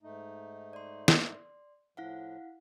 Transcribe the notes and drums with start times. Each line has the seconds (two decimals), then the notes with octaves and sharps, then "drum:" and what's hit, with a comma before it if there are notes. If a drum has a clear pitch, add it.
0.03 G#2 A3 D#4
0.73 D5 C6
1.08 drum: snare
1.97 A2 F3 E4 F5 F#5